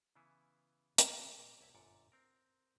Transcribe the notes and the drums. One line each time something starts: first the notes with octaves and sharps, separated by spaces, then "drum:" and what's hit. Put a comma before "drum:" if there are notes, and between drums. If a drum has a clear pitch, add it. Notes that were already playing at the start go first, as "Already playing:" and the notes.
C#3 E3 B3 E4 G#4
D#3 A#3 C4 G4 A#4 B4, drum: hi-hat
A#2
C2 E4 E5
G1 F#2 A#2 D5 F#5
C4 A#4